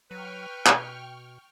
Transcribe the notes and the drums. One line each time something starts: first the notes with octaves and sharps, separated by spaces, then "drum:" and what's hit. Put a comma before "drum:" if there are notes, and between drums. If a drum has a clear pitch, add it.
F#3 B4 G5 C#6 F6
B2, drum: clap